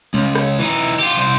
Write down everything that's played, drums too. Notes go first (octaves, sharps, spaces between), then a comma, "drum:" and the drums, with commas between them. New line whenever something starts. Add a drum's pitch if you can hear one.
C#2, drum: tom G3
drum: rim click
E3 D#4
F4 G4, drum: hi-hat
C2 C5